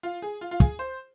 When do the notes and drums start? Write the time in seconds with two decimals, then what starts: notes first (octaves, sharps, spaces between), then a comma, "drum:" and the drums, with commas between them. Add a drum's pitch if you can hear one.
0.03 F4
0.22 G#4
0.41 F4
0.51 F4
0.60 G#4, drum: kick
0.79 C5